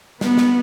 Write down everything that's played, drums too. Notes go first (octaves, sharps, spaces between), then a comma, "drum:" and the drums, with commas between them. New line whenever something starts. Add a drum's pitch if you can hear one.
B3, drum: snare
drum: snare